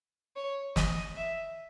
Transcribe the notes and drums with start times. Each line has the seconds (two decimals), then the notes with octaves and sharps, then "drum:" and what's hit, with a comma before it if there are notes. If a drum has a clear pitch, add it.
0.36 C#5
0.76 D#5, drum: snare
1.17 E5